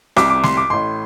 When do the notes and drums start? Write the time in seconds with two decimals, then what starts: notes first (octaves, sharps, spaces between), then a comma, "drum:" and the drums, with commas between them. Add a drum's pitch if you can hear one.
0.16 C2 C3 D6, drum: rim click
0.30 D6
0.43 C6, drum: snare
0.57 D6
0.70 A1 A2 C6